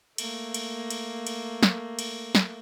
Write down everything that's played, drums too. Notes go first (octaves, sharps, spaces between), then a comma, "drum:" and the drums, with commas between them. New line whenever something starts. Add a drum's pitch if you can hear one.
A3 A#3, drum: cymbal
drum: cymbal
drum: cymbal
drum: cymbal
drum: snare
drum: cymbal
drum: snare